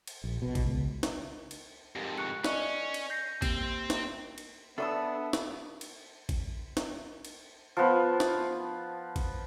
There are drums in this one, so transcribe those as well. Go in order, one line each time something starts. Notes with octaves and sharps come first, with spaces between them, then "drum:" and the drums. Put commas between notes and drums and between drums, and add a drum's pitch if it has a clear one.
drum: cymbal
A#1
B2
drum: kick, cymbal
C#2
drum: snare
drum: cymbal
F2 G#2 G4 A#4
C#6 F#6 C#7
C#4 D5 D#5 C#6, drum: snare
drum: cymbal
G6 A#6 C7
A#3 C4 G4 C7, drum: kick, cymbal
drum: snare
drum: cymbal
B3 D4 A4 E5 D#6 E6
drum: snare
drum: cymbal
drum: kick, cymbal
drum: snare
drum: cymbal
F3 B3
drum: snare
drum: kick, cymbal